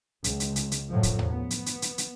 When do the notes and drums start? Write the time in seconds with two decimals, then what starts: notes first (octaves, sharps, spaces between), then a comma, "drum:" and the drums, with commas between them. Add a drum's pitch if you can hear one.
0.24 C#2, drum: hi-hat
0.40 drum: hi-hat
0.56 drum: hi-hat
0.72 drum: hi-hat
0.91 F#2 A2 F3 F#3
1.03 drum: kick, hi-hat
1.19 drum: tom D#2
1.31 B3
1.51 drum: hi-hat
1.66 drum: hi-hat
1.82 drum: hi-hat
1.98 drum: hi-hat